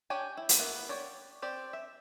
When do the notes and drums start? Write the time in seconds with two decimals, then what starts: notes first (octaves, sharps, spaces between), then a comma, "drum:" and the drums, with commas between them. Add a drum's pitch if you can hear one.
0.10 D4 G4 C#5 G5 G#5
0.37 E4
0.49 drum: hi-hat
0.59 A#3 B3 E4
0.89 G4 C#5 D5
1.42 C4 G4 D5
1.73 E5